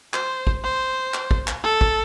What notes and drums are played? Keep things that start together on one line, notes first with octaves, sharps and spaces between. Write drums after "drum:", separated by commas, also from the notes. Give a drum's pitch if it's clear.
C5, drum: clap
drum: kick
C5
drum: clap
drum: kick
drum: clap
A4
drum: kick